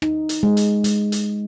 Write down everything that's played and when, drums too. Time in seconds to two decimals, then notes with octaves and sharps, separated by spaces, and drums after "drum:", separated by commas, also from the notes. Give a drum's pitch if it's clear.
0.02 D#4, drum: rim click
0.29 drum: hi-hat
0.43 G#3
0.57 drum: hi-hat
0.84 G#3, drum: hi-hat
1.12 drum: hi-hat